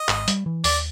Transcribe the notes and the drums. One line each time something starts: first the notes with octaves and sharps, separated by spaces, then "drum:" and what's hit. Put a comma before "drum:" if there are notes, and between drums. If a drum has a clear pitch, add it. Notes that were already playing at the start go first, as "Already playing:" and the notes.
Already playing: D#5
G#1, drum: clap
G3, drum: hi-hat
E3
D#2 D5, drum: open hi-hat